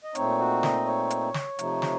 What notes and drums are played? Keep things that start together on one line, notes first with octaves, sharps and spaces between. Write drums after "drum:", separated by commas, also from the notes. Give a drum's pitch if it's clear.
D#5
A#2 A3 C4 D#4 C#5, drum: hi-hat
F#4
D#5, drum: snare
C#5
drum: hi-hat
drum: snare
C3 F3 A3 D#4, drum: hi-hat
drum: snare